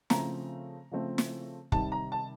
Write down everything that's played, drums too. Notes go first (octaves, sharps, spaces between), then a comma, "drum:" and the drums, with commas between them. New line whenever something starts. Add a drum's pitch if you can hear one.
C#3 F3 A3 C4 A#5, drum: snare
C#3 F3 A3 C4
drum: snare
C3 D#3 G3 A5, drum: kick
A#5
A5